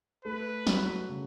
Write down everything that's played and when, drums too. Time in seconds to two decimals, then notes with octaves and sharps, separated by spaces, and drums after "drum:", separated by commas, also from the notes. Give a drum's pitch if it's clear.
0.25 A3 B4
0.67 F#3, drum: snare
1.09 C#3